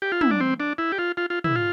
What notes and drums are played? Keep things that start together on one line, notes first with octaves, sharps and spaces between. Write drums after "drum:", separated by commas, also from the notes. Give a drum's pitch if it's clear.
G4
F4
E4, drum: tom
D4
C4
D4
E4
G4
F4
F4
F4
E4, drum: tom
F4